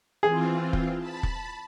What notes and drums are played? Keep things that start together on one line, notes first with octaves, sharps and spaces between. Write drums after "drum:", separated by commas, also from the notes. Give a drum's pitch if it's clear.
E3 C4 F4 G#4
drum: kick
A5 B5
drum: kick